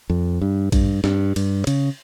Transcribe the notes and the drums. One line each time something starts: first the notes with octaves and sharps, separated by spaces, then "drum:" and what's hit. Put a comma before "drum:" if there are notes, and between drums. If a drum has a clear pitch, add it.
F2
G2
G2, drum: kick, cymbal
G2, drum: snare
G2, drum: cymbal
C#3, drum: cymbal